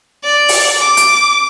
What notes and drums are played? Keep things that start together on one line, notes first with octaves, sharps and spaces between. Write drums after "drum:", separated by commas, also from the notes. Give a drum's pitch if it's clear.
D5
drum: open hi-hat
D6
drum: hi-hat